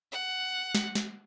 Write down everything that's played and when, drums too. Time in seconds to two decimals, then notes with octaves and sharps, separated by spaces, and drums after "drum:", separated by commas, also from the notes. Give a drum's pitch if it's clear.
0.12 F#5
0.75 drum: snare
0.95 drum: snare